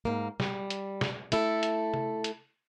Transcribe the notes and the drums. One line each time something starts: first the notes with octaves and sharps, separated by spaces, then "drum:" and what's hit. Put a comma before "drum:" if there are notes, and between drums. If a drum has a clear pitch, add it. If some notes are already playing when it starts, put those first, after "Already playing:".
G#2 A#3
G3, drum: snare
drum: hi-hat
drum: snare
A3 E4 A4, drum: hi-hat
drum: hi-hat
drum: tom C3
drum: hi-hat